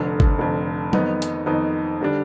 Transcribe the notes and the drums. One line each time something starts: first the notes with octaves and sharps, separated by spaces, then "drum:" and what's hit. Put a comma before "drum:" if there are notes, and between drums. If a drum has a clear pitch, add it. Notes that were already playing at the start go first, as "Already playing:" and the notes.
Already playing: F1 F2 D3
drum: kick
F1 F2 D3
F2 D#3 B3 D#4, drum: tom
drum: hi-hat
F2 D#3 B3 D#4
D3 G3 D4